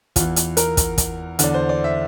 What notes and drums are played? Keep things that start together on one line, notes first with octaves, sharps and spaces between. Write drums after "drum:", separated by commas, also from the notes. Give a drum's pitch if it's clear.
E2 E3 F4, drum: kick, hi-hat
drum: hi-hat
A#4, drum: hi-hat
drum: kick, hi-hat
drum: kick, hi-hat
E2 D3 D5, drum: hi-hat
C5
D5
E5